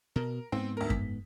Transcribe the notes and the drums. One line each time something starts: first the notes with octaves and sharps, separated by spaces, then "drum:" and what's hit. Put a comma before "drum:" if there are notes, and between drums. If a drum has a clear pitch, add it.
B2 A#4
G#2 B3 C4
D2 A#4
B6, drum: kick F#2